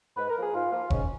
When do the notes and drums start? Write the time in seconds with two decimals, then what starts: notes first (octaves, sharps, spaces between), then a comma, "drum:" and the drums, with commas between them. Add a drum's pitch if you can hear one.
0.17 G#2 B4
0.30 A#4
0.36 F3 A#3 G#4
0.54 G#2 F4
0.72 F3 A#3 F4
0.90 G#2 C#4, drum: kick F1